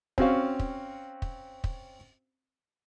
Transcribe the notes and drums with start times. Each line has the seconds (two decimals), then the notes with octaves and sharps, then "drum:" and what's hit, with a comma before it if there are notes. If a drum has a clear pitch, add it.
0.18 C4 C#4 F#4 F5, drum: kick
0.59 drum: kick
1.22 drum: kick
1.64 drum: kick